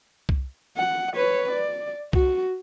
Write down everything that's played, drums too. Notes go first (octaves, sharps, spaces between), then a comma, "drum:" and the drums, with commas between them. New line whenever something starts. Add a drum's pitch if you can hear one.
drum: kick C2
F#5
B4 C#5
D5
F#4, drum: kick C2